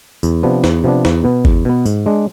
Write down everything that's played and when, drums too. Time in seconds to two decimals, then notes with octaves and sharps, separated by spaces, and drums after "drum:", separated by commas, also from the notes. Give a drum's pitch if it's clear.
0.23 E2, drum: tambourine
0.43 C3 F3 B3 D4
0.64 E2, drum: snare
0.84 C3 F3 B3 D4
1.05 E2, drum: snare
1.24 B2 B3
1.45 E2, drum: kick G1
1.65 B2 B3
1.86 G#2, drum: tambourine
2.06 G#3 D4